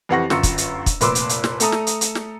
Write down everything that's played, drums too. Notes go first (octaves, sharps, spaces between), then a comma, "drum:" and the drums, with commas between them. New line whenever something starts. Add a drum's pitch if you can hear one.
F2 E3 G4 F#5 C#6 A#6
G1 F#2 F4 C#6 E6 C#7, drum: snare
drum: kick, hi-hat
drum: hi-hat
drum: kick, hi-hat
F1 A#2 B4 C6 D6 E6, drum: hi-hat
drum: hi-hat
drum: hi-hat
drum: snare
A3 A4 A#5 D#6, drum: hi-hat
drum: snare
drum: hi-hat
drum: hi-hat
drum: snare